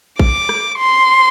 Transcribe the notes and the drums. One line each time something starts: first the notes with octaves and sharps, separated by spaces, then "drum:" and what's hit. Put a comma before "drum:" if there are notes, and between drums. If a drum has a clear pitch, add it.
D6, drum: kick A1
drum: rim click
C6